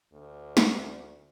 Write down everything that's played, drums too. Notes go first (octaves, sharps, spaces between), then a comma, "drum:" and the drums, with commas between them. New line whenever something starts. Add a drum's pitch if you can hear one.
D2
drum: snare